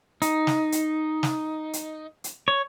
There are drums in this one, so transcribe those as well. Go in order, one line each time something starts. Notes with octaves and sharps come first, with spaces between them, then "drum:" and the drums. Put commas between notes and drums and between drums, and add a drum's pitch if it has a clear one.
D#4, drum: hi-hat
drum: snare
drum: hi-hat
drum: snare
drum: hi-hat
drum: hi-hat
C#5